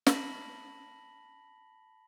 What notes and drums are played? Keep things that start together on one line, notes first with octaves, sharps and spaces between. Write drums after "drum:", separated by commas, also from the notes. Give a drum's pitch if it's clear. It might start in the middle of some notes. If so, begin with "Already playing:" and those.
A5 B5 A#6 B6 F#7, drum: snare